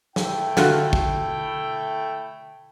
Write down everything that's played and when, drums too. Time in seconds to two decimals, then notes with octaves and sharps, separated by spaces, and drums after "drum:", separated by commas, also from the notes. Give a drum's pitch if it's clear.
0.16 A3 E4 G5, drum: snare
0.57 D3 F4 F#4, drum: snare
0.93 drum: kick